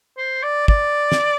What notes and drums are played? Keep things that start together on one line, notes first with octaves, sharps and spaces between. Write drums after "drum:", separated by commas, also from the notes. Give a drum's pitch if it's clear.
C5
D5
D5, drum: kick
drum: snare